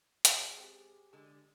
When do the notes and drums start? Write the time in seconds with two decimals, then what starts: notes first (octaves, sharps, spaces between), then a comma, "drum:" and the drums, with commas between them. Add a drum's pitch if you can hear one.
0.25 G#3 C#4 F#4 G#4 C#5 D5, drum: hi-hat
0.57 C4 G4 A4
1.13 D3 G#3 A4